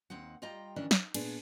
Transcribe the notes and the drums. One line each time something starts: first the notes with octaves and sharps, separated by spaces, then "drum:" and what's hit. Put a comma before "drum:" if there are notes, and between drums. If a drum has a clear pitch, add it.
D#2 C4 D#4 F#5
G3 F4 D#5 G5 A#5
D#3 E3 C#4 D4 A#4 D#5
D#4, drum: snare
A#2 B3 D4 G#4, drum: cymbal